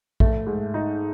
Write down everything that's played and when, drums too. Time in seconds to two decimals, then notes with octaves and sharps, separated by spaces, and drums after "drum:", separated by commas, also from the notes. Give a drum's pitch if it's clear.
0.20 A3, drum: kick A#1
0.47 G#2
0.74 D#4